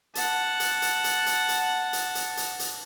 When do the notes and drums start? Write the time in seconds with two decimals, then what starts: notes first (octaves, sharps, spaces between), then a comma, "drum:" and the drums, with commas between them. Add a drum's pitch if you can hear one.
0.15 F#5 A5, drum: hi-hat
0.60 drum: hi-hat
0.82 drum: hi-hat
1.04 drum: hi-hat
1.26 drum: hi-hat
1.49 drum: hi-hat
1.93 drum: hi-hat
2.15 drum: hi-hat
2.37 drum: hi-hat
2.60 drum: hi-hat